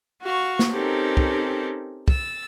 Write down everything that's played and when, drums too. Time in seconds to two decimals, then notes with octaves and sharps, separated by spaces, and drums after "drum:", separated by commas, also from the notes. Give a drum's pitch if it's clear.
0.22 F#4 F5 C#6
0.59 drum: snare
0.71 C4 C#4 D#4 G4 A4 A#4
1.17 drum: kick
2.08 E6 A6, drum: kick